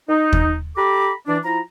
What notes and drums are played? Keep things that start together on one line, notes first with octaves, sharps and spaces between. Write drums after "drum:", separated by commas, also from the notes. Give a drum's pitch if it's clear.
D#4
drum: kick
G4 A4 A#5 B5 D6
E3 D4
F3 E4 A#5